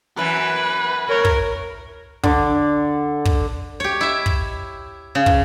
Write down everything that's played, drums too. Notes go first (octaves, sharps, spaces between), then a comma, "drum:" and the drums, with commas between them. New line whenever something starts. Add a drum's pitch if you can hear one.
F#2 E3 B4
A#4 C#5
drum: kick
D3 D6, drum: kick
drum: kick
G4 C#5
E4 E5
drum: kick
C#3
drum: kick